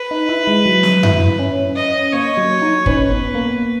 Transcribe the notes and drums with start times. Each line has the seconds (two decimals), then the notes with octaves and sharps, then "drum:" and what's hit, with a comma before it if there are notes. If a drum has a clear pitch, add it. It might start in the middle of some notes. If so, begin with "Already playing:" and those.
Already playing: B4
0.11 D#4
0.29 E4
0.47 G#3
0.66 F#3
0.83 drum: snare
1.03 E4, drum: tom F#2
1.39 C#4
1.76 D#5
2.13 A#3 C#5
2.37 F#3
2.62 D#4
2.86 C#4 B4, drum: kick
3.11 B3
3.35 A#3